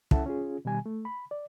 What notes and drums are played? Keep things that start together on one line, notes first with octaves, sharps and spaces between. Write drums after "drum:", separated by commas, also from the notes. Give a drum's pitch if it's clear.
C#4 E4 A4 E5 F#5 A5, drum: kick
C#4 F4 G#4
B2 D#3 G3 G#5
A3
B5
D5